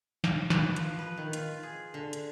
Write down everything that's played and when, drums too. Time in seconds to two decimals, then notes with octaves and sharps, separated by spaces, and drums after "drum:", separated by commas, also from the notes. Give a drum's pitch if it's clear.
0.24 F5, drum: snare
0.50 B4, drum: snare
0.76 F3, drum: hi-hat
0.99 B4
1.17 D#3
1.33 F4, drum: hi-hat
1.63 G#4
1.94 D3
2.13 drum: hi-hat